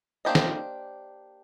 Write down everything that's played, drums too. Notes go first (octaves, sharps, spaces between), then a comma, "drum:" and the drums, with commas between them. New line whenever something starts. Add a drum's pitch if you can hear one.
A#3 D4 G4 C5 D#5
drum: snare